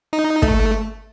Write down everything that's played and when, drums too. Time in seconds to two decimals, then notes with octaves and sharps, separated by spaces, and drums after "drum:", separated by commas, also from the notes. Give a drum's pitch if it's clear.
0.13 D#4
0.42 A3, drum: kick